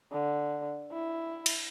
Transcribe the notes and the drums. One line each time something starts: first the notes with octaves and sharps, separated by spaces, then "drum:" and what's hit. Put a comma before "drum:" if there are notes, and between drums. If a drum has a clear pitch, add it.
D3
E4
drum: cymbal